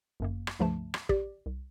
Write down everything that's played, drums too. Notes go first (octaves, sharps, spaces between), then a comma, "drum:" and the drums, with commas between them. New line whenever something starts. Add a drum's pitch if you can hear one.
G1 F#2 A#3
drum: rim click
C#2 G2 C#3 F3 A3 A5
drum: rim click
G4 D5, drum: kick
C2